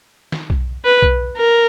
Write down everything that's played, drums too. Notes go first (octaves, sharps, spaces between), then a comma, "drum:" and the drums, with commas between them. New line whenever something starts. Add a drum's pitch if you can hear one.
drum: snare
drum: kick B1
B4
drum: kick B1
A#4